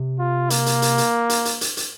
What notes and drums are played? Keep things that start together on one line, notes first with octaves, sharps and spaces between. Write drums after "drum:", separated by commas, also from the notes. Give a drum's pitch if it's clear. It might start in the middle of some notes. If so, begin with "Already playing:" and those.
Already playing: C3
F4
A#3, drum: hi-hat
drum: hi-hat
drum: hi-hat
drum: hi-hat
drum: hi-hat
drum: hi-hat
drum: hi-hat
drum: hi-hat